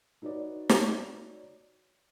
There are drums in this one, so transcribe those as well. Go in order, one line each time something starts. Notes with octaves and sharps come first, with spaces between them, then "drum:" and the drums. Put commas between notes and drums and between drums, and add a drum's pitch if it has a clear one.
D#4 F#4 B4 C#5 D5
drum: snare